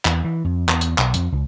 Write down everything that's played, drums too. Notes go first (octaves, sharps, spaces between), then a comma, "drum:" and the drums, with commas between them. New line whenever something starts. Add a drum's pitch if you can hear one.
E2, drum: clap
E3
F2
E2, drum: clap
drum: hi-hat
B1, drum: clap
F2, drum: hi-hat
C#2